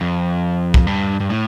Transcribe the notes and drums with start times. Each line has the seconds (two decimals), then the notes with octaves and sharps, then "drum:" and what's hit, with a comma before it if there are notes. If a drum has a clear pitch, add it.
0.01 F2
0.74 drum: kick
0.87 G2
1.20 G2
1.30 A2